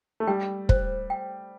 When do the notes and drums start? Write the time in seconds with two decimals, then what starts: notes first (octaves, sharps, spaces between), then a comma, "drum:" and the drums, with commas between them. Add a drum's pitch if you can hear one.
0.20 A3
0.27 G3 G5
0.69 C5, drum: kick
1.10 G5